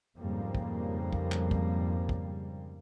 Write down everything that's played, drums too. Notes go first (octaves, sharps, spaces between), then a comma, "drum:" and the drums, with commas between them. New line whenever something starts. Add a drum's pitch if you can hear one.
F2 G#2 C#3 G3 A#3
drum: kick
drum: kick
drum: clap
drum: kick
drum: kick